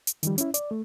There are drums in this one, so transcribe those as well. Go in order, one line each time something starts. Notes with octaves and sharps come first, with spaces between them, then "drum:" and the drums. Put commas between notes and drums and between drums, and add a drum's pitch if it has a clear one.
drum: hi-hat
D#3 F3 G3, drum: hi-hat
C#4 E4, drum: hi-hat
D5, drum: hi-hat
A3